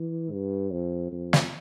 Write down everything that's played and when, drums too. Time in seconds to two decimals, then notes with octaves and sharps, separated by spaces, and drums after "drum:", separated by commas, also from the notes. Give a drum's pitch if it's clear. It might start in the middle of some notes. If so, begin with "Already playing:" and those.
Already playing: E3
0.32 G2
0.72 F2
1.12 F2
1.33 drum: snare